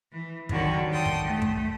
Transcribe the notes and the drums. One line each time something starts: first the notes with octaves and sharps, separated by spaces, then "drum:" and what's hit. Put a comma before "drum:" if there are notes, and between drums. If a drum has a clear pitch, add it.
E3
D3 D#3 F#3 G3 F#4, drum: kick
A4 G5 C6 D#6
drum: kick
A3
drum: kick